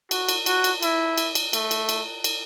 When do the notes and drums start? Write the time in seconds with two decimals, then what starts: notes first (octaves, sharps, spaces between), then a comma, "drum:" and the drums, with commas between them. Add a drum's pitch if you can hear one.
0.11 F#4, drum: cymbal
0.29 drum: cymbal
0.46 F#4, drum: cymbal
0.64 drum: cymbal
0.83 E4, drum: cymbal
1.18 drum: cymbal
1.35 drum: cymbal
1.53 A3, drum: cymbal
1.71 drum: cymbal
1.89 drum: cymbal
2.24 drum: cymbal